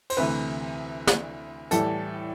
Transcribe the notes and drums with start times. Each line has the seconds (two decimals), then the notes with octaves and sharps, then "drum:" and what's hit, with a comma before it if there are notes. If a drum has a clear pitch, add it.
0.10 C5, drum: cymbal
0.17 D2 C3 E3 A3 B4
1.07 drum: snare
1.71 A2 E3 G3 A4, drum: hi-hat